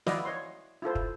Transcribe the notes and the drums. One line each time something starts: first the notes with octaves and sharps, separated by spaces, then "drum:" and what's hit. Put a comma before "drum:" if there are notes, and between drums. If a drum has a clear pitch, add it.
E4 F#4 B4 D5 D#5 F5, drum: snare
C#5 D#5 C6
E4 F4 A4 C5
drum: kick